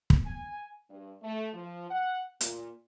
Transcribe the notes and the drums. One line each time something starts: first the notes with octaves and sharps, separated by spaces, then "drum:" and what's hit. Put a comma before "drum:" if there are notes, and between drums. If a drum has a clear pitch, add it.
drum: kick
G#5
G2
A3
F3
F#5
A#2, drum: hi-hat